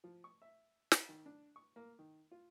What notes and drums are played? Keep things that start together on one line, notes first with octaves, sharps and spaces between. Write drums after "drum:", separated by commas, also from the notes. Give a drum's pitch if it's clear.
F3
C#6
E5
drum: snare
D#3
D4
C#6
A#3
D#3
F4